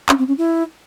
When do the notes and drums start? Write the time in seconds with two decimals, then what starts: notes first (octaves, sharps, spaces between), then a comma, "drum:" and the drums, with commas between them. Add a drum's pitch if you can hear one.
0.09 C#4, drum: clap
0.18 C4
0.28 C#4
0.38 E4